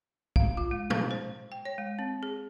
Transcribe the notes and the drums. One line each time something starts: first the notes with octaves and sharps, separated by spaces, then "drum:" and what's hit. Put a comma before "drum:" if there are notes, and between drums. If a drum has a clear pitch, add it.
F5, drum: kick
F4
G#3
F5, drum: tom
C5
G5
C#5
G#3
C4
G#4